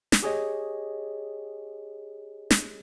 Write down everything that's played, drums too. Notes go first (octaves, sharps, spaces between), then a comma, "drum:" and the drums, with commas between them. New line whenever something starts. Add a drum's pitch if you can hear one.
drum: snare
G4 G#4 C#5 D#5
drum: snare